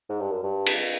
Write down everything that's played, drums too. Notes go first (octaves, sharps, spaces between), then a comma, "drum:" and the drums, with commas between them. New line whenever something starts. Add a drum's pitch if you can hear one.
G#2
G2
F#2
G2
drum: cymbal